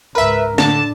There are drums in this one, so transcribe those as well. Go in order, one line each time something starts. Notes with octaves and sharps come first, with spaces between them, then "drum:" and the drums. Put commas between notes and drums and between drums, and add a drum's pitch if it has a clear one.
C#2 G#2 A#4 B4 E5
A2 D3 D4 A5, drum: snare